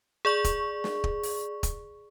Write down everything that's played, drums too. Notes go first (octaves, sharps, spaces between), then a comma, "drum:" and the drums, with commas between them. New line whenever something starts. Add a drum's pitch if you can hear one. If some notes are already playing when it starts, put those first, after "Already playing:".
G#4 D5 C#6
drum: kick, hi-hat
drum: snare
drum: kick
drum: open hi-hat
drum: kick, hi-hat